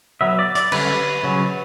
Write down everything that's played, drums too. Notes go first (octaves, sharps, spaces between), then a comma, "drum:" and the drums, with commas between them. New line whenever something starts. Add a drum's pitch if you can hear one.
F#3 B3 E5
D5
D5, drum: hi-hat
D3 G3 C#4 B4, drum: cymbal
C#3 F#3 C#4